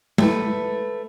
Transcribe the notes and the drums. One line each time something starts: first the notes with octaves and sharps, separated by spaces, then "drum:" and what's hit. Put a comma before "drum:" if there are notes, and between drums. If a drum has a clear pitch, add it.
A3 B4, drum: tom G#3